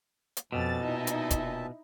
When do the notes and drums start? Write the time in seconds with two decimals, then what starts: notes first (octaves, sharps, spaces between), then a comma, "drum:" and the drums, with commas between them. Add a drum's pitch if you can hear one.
0.37 drum: hi-hat
0.52 F2 B2 C#4 G4 A4 A6
0.84 A#2 D#4 E4 E5 A5
1.07 drum: hi-hat
1.30 drum: kick, hi-hat